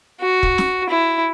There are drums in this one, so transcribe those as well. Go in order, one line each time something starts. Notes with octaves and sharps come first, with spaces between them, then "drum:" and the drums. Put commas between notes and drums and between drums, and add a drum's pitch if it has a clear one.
F#4
drum: kick
drum: snare
E4